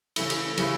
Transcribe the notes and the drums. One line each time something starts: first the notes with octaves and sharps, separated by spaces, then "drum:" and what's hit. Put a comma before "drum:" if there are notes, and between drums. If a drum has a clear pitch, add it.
C#3 E3 A3 E4, drum: cymbal
drum: cymbal
C#3 E3 A3 E4, drum: cymbal